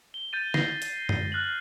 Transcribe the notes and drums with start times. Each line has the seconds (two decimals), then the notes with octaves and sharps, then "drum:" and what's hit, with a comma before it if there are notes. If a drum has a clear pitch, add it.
0.14 G7
0.33 G6 A6 D#7
0.54 A#6 C7, drum: snare
0.82 drum: hi-hat
1.09 drum: tom F#2
1.32 F6 F#6 A6 F#7